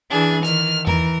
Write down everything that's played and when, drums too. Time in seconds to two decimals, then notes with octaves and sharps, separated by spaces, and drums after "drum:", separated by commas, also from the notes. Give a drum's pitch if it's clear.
0.11 E3 D4 G#4
0.44 D#3 E3 F6, drum: hi-hat
0.87 E3 A#4, drum: tom E2